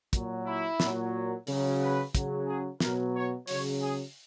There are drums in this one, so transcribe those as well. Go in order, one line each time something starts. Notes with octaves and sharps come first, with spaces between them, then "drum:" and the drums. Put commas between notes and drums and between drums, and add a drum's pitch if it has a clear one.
A#2 F#3, drum: kick, hi-hat
E4
A#2 F#3, drum: snare
C#3 F#3, drum: open hi-hat
B4
C#3 F#3, drum: kick, hi-hat
G#4
B2 F#3 A#4, drum: snare
C#5
C#3 F#3 C#5, drum: open hi-hat
G#4